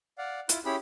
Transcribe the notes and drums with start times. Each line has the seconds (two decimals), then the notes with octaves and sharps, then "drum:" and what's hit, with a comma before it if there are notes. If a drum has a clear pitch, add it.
0.18 D5 F5 F#5
0.49 E4 F4, drum: hi-hat
0.65 C#4 E4 G4 G#4 B5